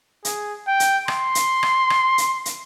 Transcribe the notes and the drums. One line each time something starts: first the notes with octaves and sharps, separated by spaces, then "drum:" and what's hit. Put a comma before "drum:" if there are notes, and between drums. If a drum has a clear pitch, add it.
G#4, drum: hi-hat
G5
drum: hi-hat
C6, drum: rim click
drum: hi-hat
drum: rim click
drum: rim click
drum: hi-hat
drum: hi-hat